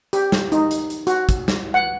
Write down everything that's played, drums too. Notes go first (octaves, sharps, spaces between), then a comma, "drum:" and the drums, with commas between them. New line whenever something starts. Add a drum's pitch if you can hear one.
G4, drum: hi-hat
drum: snare
D#4, drum: hi-hat
drum: hi-hat
drum: hi-hat
F#4, drum: hi-hat
drum: kick, hi-hat
drum: snare
F#5